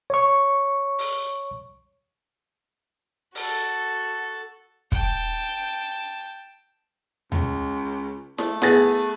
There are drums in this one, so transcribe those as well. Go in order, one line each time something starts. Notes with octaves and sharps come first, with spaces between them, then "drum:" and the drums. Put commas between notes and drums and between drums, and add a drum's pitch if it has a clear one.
C#5 C#6
drum: open hi-hat
F#4 A4, drum: open hi-hat
G5 A5, drum: kick
C#2, drum: tom D#2
A3, drum: snare E4
B3 G#4 A6, drum: snare E4